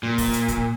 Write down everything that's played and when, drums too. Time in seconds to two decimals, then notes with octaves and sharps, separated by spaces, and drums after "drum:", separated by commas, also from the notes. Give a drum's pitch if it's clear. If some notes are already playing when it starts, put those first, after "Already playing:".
0.03 A#2
0.18 drum: kick, open hi-hat
0.33 drum: hi-hat
0.48 drum: kick, hi-hat